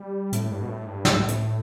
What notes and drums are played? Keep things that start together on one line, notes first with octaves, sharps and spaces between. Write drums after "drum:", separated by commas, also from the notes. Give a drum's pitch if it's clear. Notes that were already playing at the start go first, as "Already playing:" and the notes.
Already playing: G3
A2, drum: hi-hat
G2
B2
A2
G2
A2, drum: snare
G2
A2
drum: hi-hat